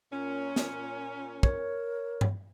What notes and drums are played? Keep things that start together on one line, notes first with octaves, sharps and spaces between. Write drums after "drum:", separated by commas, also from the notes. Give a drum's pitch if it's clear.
A#2 C#4
drum: snare
A#4 C#5, drum: kick
drum: tom G2